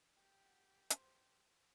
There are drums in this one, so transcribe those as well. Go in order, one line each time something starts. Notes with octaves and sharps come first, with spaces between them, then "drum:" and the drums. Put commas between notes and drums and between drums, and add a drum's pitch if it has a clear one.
G4 G5
F#5
C5, drum: hi-hat